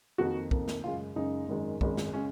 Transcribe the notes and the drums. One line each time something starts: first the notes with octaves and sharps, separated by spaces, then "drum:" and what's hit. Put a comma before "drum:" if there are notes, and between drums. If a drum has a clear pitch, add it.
F2 D#3 A#3 F#4
F2 D#3 A#3, drum: kick
drum: snare
F#2 C#3 G#3 F4
F#2 C#3 G#3 D#4
G#1 F#2 D#3 G#3
G#1 F#2 D#3 G#3, drum: kick
drum: snare
C#3 G#3 C#4